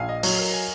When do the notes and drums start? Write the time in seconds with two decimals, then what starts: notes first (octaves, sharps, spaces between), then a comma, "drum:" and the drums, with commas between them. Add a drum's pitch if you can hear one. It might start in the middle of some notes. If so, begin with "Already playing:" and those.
Already playing: A#1 F5 G#5
0.09 D#5
0.23 F#3 C#5, drum: open hi-hat
0.39 A#4
0.54 G#5